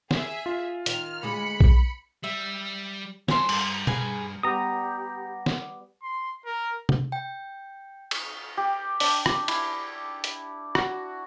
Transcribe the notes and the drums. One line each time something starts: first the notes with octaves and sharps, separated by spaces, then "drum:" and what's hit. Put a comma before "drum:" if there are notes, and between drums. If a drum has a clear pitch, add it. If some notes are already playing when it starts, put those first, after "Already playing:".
G#4 E5, drum: snare
F4
D#3 F6, drum: hi-hat
D2 G#3 G#4 B5 C#7
drum: kick A#1
G3 E5
G2 A4 G#5 C6, drum: snare
G2, drum: cymbal
G#4 B4 G#5, drum: tom B2
G3 B3 G4 D5 A#5 D#6
drum: snare
C6
A#4
drum: tom C3
G5
drum: cymbal
G4
D4, drum: open hi-hat
drum: rim click
E4, drum: cymbal
drum: hi-hat
F#4, drum: rim click